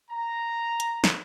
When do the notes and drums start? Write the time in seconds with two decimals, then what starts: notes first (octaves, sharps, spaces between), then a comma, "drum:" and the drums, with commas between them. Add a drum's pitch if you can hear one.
0.10 A#5
0.80 drum: hi-hat
1.04 drum: snare